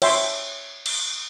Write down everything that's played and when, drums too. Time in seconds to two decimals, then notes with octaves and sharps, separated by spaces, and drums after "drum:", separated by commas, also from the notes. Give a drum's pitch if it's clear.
0.02 C#5 E5 G5 C6, drum: cymbal
0.86 drum: cymbal